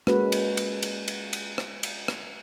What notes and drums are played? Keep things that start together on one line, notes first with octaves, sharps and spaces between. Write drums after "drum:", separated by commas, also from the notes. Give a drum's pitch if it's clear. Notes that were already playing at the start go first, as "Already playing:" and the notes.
G#3 A#3 C#4 F#4 B4, drum: rim click
drum: cymbal
drum: cymbal
drum: cymbal
drum: cymbal
drum: cymbal
drum: rim click
drum: cymbal
drum: rim click